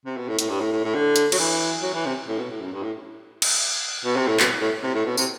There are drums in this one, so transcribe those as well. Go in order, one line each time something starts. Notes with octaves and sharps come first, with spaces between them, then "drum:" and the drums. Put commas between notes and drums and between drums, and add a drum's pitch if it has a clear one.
C3
B2
A2
A2, drum: hi-hat
G2
A2
A2
A2
D3
drum: hi-hat
F#3, drum: cymbal
E3
F#3
E3
C3
A2
B2
A2
F#2
G2
A2
drum: cymbal
B2
C3
A2
B2, drum: clap
A2
C3
A2
B2
C3, drum: tambourine